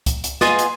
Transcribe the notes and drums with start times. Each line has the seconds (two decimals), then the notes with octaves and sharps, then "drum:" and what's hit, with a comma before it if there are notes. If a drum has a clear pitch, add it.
0.06 drum: kick C#2, hi-hat
0.24 drum: hi-hat
0.41 B3 F4 G#4 D#5, drum: snare
0.59 drum: hi-hat